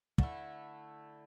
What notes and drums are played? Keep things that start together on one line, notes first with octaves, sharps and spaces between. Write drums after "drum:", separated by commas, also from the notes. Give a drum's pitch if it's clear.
D3 A3 E4, drum: kick